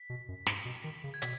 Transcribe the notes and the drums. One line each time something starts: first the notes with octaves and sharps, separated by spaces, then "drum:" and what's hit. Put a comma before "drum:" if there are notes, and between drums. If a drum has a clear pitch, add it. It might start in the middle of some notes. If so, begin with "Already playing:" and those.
Already playing: B6
B2
F#2
G#2, drum: snare
B2
D#3
C#3
G#6
B2 B6, drum: hi-hat